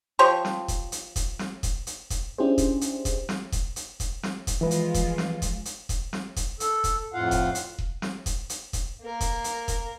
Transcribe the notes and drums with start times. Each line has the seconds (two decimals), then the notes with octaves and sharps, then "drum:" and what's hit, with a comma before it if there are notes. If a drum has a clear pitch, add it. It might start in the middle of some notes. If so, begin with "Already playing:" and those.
0.19 F3 G4 C5 C#5
0.45 drum: snare
0.68 drum: kick E1, hi-hat
0.92 drum: hi-hat
1.16 drum: kick E1, hi-hat
1.39 drum: snare
1.63 drum: kick E1, hi-hat
1.87 drum: hi-hat
2.10 drum: kick E1, hi-hat
2.38 C#4 D4 E4 G4 G#4 C5
2.58 drum: kick E1, hi-hat
2.81 drum: hi-hat
3.05 drum: kick E1, hi-hat
3.29 drum: snare
3.52 drum: kick E1, hi-hat
3.76 drum: hi-hat
4.00 drum: kick E1, hi-hat
4.23 drum: snare
4.47 drum: kick E1, hi-hat
4.61 E3 F3 G#3 F4 B4
4.71 drum: hi-hat
4.94 drum: kick E1, hi-hat
5.18 drum: snare
5.42 drum: kick E1, hi-hat
5.65 drum: hi-hat
5.89 drum: kick E1, hi-hat
6.13 drum: snare
6.36 drum: kick E1, hi-hat
6.60 A4, drum: hi-hat
6.84 drum: kick E1, hi-hat
7.14 F2 A2 F4 F5 F#5
7.31 drum: kick E1, hi-hat
7.55 drum: hi-hat
7.78 drum: kick E1
8.02 drum: snare
8.26 drum: kick E1, hi-hat
8.50 drum: hi-hat
8.73 drum: kick E1, hi-hat
9.02 A#3 A#4
9.21 drum: kick E1, hi-hat
9.44 drum: hi-hat
9.68 drum: kick E1, hi-hat